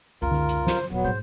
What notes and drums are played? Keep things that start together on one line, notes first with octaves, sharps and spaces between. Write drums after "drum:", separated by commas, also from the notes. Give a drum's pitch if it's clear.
C#2 F#2 F4 A#4
drum: tom D3
drum: hi-hat
C5, drum: snare
D#1 F#3 B3
G#2 G#3 C5